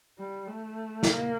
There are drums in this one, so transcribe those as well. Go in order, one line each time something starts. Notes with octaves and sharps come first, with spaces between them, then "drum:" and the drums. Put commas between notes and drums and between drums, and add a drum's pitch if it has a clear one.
G3
A3
A#3, drum: snare